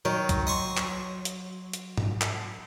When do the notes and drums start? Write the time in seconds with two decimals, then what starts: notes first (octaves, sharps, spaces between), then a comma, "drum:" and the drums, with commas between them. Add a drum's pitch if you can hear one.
0.05 D#3 F#3
0.29 drum: kick C2, hi-hat
0.47 D#5 C6 C#6
0.77 drum: clap
1.25 drum: hi-hat
1.73 drum: hi-hat
1.98 drum: tom G#2
2.22 drum: clap